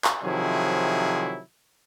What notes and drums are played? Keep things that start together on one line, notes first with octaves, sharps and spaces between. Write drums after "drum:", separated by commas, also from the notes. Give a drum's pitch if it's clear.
drum: clap
C3 D#3 F3 F#3 E4 G#4